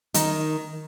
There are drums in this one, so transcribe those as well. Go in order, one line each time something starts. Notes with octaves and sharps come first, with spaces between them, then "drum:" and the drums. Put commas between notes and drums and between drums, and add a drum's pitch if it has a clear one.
D#3 D#4, drum: hi-hat